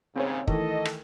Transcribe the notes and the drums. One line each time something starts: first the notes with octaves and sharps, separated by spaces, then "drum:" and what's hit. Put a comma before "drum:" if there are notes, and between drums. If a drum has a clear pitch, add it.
D#2 G#2 C#3 C4 C#5
D#3 E3 A3 A4 D#5, drum: kick
drum: rim click